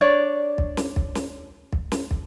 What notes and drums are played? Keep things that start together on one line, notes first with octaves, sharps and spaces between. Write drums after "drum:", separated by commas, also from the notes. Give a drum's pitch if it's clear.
D4 C#5 D5
drum: kick
drum: snare
drum: kick
drum: snare
drum: kick
drum: snare
drum: kick